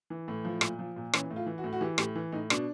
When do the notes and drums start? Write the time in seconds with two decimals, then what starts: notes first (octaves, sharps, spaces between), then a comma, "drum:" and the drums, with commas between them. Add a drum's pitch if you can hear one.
0.10 E3
0.28 A2
0.45 F3
0.61 A#2, drum: rim click
0.79 F3
0.96 A#2
1.13 E3 C#4, drum: rim click
1.30 A2
1.36 F4
1.46 E3
1.58 F#4
1.64 A2
1.73 F#4
1.81 E3 G4
1.98 A2 G4, drum: rim click
2.15 E3
2.32 A2 D#4
2.50 B2 D4, drum: rim click